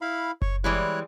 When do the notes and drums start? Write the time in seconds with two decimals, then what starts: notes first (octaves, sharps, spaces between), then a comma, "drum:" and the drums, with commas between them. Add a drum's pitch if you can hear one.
0.01 E4 F5 B5
0.42 C#5 C#6, drum: kick F#1
0.64 E3 G3 G#3 E4 C#5 F#6